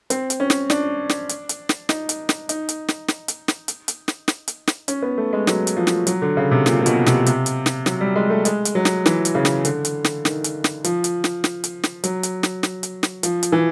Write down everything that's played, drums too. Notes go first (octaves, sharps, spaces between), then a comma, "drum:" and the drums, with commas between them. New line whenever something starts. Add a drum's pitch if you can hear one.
C4, drum: hi-hat
drum: hi-hat
C#4
drum: snare
D4, drum: snare
drum: snare
drum: hi-hat
drum: hi-hat
drum: snare
D#4, drum: snare
drum: hi-hat
drum: snare
D#4, drum: hi-hat
drum: hi-hat
drum: snare
drum: snare
drum: hi-hat
drum: snare
drum: hi-hat
drum: hi-hat
drum: snare
drum: snare
drum: hi-hat
drum: snare
C#4, drum: hi-hat
B3
A3
G#3
F#3, drum: snare
drum: hi-hat
F3
drum: snare
F#3, drum: hi-hat
D3
C#3
C3
A#2, drum: snare
A#2
B2, drum: hi-hat
C3, drum: snare
C3, drum: hi-hat
drum: hi-hat
drum: snare
F#3, drum: snare
G3
G#3
A3
G#3, drum: hi-hat
drum: hi-hat
F#3
drum: snare
E3, drum: snare
drum: hi-hat
C#3
drum: snare
D3, drum: hi-hat
drum: hi-hat
drum: snare
D#3, drum: snare
drum: hi-hat
drum: snare
F3, drum: hi-hat
drum: hi-hat
drum: snare
drum: snare
drum: hi-hat
drum: snare
F#3, drum: hi-hat
drum: hi-hat
drum: snare
drum: snare
drum: hi-hat
drum: snare
F3, drum: hi-hat
drum: hi-hat
E3